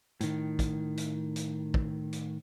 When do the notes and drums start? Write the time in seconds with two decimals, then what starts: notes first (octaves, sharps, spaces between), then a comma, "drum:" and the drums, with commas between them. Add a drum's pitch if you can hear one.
0.21 A2 D#3, drum: hi-hat
0.59 drum: kick, hi-hat
0.97 drum: hi-hat
1.36 drum: hi-hat
1.74 drum: kick
2.13 drum: hi-hat